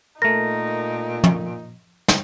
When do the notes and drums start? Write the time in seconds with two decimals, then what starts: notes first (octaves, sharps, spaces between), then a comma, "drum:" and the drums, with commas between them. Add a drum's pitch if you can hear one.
0.22 A#2 A3 D#4 A#4 A#6
1.24 drum: tom
2.08 drum: snare